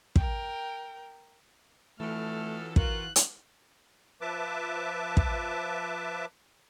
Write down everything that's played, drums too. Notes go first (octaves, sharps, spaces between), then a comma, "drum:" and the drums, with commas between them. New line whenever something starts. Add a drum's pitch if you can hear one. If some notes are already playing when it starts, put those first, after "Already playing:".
A#4 G5, drum: kick
F2 E3 F#3 A3 A4 F6
F4 F#4 A#4 F#6, drum: kick
drum: hi-hat
F3 B4 E5 A5 D6
drum: kick